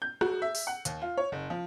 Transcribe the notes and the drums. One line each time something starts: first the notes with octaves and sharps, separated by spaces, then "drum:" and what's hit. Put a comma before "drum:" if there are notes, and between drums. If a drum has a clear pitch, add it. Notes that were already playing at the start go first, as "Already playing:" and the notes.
G6
F#4, drum: rim click
E5
drum: open hi-hat
F#5
D#2, drum: hi-hat
F4
C#5
F#1
F3